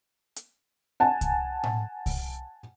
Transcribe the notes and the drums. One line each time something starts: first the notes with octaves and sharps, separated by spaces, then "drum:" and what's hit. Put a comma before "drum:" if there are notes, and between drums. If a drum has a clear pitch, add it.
drum: hi-hat
F#5 G#5 A5
drum: kick C2, hi-hat
drum: tom A2
drum: kick C2, open hi-hat